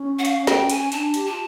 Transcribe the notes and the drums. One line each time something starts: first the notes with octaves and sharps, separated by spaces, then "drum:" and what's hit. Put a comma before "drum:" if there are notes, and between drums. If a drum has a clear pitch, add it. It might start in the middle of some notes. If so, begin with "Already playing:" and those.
Already playing: C#4
F#5
F5, drum: hi-hat
G5, drum: snare
G#5, drum: hi-hat
D4 A5, drum: hi-hat
G4, drum: hi-hat
A5
F4